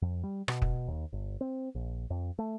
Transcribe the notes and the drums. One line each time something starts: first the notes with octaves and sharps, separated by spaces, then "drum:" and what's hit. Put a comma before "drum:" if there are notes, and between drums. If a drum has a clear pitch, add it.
F2
G3
B2, drum: rim click
drum: kick
D#2
G1
C4
A#1
F2
A3